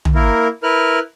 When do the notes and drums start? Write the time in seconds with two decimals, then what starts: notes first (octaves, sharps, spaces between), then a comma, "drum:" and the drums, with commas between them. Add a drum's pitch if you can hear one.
0.05 drum: tom
0.15 A#3 E4 A#4
0.63 E4 A#4 B4 F6 F#6